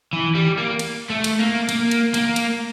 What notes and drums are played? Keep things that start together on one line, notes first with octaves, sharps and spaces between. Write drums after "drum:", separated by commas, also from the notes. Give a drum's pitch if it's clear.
E3
G3
A#3
drum: cymbal
A3
drum: cymbal
A#3
A#3, drum: cymbal
drum: cymbal
A#3, drum: cymbal
drum: cymbal